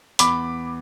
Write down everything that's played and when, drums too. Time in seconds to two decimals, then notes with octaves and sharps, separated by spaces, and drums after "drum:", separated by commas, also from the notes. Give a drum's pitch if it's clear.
0.19 E2 B5 D6, drum: hi-hat